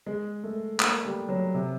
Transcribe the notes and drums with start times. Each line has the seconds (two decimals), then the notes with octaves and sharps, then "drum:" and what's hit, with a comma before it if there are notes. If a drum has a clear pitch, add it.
0.07 G#3
0.44 A3
0.80 A#3, drum: clap
1.05 G3
1.29 F#3
1.54 C3